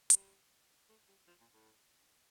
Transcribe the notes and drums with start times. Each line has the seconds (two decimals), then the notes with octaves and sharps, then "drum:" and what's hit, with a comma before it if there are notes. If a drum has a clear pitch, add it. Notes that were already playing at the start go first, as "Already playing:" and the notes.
0.10 G3, drum: hi-hat
0.89 A3
1.08 G3
1.28 F3
1.41 A#2
1.54 A2